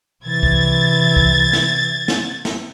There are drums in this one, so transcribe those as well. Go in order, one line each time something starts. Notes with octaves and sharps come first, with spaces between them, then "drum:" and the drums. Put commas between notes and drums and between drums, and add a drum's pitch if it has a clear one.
C3 E3 G#6 A6
drum: kick C2
drum: kick C2
drum: snare
drum: snare
drum: snare